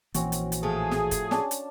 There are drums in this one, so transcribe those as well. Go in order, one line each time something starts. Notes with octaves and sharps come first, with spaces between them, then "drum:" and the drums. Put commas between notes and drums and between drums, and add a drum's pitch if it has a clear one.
A#1 E3 A#3 C4 C#4 F#4, drum: hi-hat
drum: hi-hat
drum: hi-hat
A2 F3 G#4 A4
drum: snare
drum: kick F#1, hi-hat
C#4 D4 A5, drum: snare
drum: hi-hat